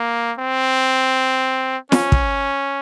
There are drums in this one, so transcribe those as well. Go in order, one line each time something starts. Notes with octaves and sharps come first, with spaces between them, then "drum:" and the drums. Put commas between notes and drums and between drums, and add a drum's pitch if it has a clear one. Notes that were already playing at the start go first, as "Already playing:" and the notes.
Already playing: A#3
C4
C#4, drum: snare
drum: kick